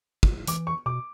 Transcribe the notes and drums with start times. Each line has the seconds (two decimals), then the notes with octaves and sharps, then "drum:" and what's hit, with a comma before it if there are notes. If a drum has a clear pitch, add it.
0.23 drum: kick
0.47 E3 D6, drum: hi-hat
0.67 C#6
0.86 B2 D6